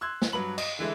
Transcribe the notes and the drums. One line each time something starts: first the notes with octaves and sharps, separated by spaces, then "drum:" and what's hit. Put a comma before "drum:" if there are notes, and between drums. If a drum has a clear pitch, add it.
C6 E6 F#6 G#6
drum: snare
G2 F#3 B4 B5 F#7
D#5, drum: cymbal
D3 E3 G#3 E4